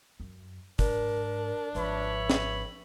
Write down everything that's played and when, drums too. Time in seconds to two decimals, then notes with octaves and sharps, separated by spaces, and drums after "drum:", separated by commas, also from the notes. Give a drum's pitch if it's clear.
0.20 F#2
0.79 G#2 D4 A#4, drum: kick
1.75 G#1 F3 B4 C#5 E5 B5
2.30 drum: snare